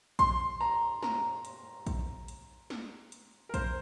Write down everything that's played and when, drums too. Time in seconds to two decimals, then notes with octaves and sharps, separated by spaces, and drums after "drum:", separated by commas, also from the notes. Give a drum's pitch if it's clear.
0.19 C6, drum: kick A#1, hi-hat
0.61 A#5
1.03 A#5, drum: snare
1.45 drum: hi-hat
1.87 drum: kick A#1, hi-hat
2.28 drum: hi-hat
2.70 drum: snare
3.12 drum: hi-hat
3.49 A#4
3.54 C5, drum: kick A#1, hi-hat